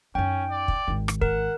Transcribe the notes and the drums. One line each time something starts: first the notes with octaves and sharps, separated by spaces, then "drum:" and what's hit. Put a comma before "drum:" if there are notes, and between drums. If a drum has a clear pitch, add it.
F#2 C#4 D#4 G5
D5
drum: kick
G#1 D#3
drum: rim click
A#4 F#5, drum: kick